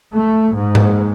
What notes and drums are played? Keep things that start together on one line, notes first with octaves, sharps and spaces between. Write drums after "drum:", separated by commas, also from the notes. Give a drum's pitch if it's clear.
A3
G#2
drum: tom G#2